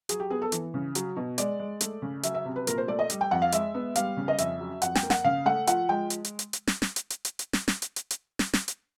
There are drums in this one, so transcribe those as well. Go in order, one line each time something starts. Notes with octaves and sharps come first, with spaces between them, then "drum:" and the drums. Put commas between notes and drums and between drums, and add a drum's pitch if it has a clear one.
F#3 G#4, drum: hi-hat
G4
B3 G#4
A4
E3, drum: hi-hat
C#3
F#3, drum: hi-hat
B2
G#3 D5, drum: hi-hat
G#3
A3, drum: hi-hat
C#3
F#3 E5, drum: hi-hat
E5
C3
B4
A#2 A#4, drum: hi-hat
C5
A3 D5
D#5
G3, drum: hi-hat
G5
F2 F#5
F5
G#3 E5, drum: hi-hat
B3
G3 F5, drum: hi-hat
C#3
D#5
F2 E5, drum: hi-hat
F#3
F2 F#5, drum: hi-hat
G5, drum: snare
A#3
F#5, drum: snare
C#3 F5
A3 F#5
F3 F#5, drum: hi-hat
G#3 G5
drum: hi-hat
drum: hi-hat
drum: hi-hat
drum: hi-hat
drum: snare
drum: snare
drum: hi-hat
drum: hi-hat
drum: hi-hat
drum: hi-hat
drum: snare
drum: snare
drum: hi-hat
drum: hi-hat
drum: hi-hat
drum: snare
drum: snare
drum: hi-hat